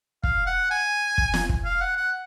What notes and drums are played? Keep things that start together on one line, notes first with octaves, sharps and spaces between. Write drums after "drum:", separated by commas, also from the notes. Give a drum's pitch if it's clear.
F5, drum: kick
F#5
G#5
drum: kick
drum: snare
drum: kick
F5
F#5
F#5